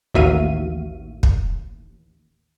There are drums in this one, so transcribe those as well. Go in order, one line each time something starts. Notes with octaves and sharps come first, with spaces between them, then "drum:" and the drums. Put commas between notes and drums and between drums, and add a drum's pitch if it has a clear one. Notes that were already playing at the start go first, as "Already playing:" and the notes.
A1 D#2 F#4 E5 F5 D#7
drum: kick